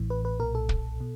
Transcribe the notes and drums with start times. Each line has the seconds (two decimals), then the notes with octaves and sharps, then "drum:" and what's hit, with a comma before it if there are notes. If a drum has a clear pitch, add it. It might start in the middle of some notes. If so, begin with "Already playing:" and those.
Already playing: A1 A2 E3
0.10 B4
0.25 B4
0.40 B1 A#2 A#4
0.55 A4
0.69 drum: kick
1.01 B2